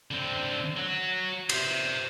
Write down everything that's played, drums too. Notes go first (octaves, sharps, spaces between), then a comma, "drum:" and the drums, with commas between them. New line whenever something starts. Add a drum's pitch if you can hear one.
D3 C4
F#3 F#4
C5 E5, drum: cymbal